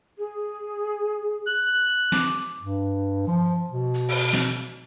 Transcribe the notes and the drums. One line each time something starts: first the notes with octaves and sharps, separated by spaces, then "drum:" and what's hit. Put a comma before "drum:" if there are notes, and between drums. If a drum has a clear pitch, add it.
G#4
F#6
D6, drum: snare
G2
F3
B2
drum: hi-hat
drum: open hi-hat
drum: snare